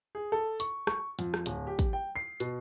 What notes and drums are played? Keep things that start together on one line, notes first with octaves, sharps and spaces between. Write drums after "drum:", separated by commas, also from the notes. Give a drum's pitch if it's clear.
G#4
A4
C#6, drum: hi-hat
C#6, drum: rim click
F2, drum: hi-hat
drum: rim click
D1, drum: hi-hat
G4
drum: kick, hi-hat
G5
C7
B2, drum: hi-hat